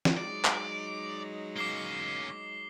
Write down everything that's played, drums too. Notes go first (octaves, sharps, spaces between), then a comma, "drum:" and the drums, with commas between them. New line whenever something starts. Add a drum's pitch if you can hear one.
drum: snare
F#3 G#3 D#4 D5
drum: clap
A#3 C#4 D6 C7 G7